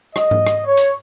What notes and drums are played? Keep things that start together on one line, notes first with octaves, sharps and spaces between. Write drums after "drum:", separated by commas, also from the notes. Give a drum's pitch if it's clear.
D#5, drum: rim click
drum: tom G#2
drum: rim click
C#5
drum: hi-hat